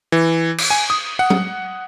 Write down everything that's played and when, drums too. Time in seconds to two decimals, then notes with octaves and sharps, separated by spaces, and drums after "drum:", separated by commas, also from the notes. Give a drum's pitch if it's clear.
0.12 E3
0.58 drum: cymbal
0.70 G#5
0.90 D#6
1.19 F#5
1.30 drum: tom F#3